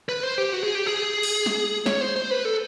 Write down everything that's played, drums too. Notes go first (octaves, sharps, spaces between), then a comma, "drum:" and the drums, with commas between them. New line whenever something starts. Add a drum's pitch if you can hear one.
B4
C5
G4
F#4
G#4
G4
G#4
drum: cymbal
drum: snare
C#5, drum: snare
C5
C5
B4
A4